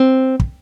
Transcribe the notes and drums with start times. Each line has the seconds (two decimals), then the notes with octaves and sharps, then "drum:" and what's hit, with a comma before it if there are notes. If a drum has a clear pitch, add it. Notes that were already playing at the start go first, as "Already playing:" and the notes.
Already playing: C4
0.40 drum: kick